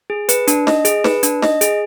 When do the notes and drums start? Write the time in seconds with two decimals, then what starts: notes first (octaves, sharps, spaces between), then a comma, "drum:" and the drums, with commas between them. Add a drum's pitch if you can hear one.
0.10 G#4
0.29 B4, drum: hi-hat
0.48 D4, drum: hi-hat
0.67 D#5, drum: snare
0.85 G#4, drum: hi-hat
1.04 B4, drum: snare
1.23 D4, drum: hi-hat
1.42 D#5, drum: snare
1.61 G#4, drum: hi-hat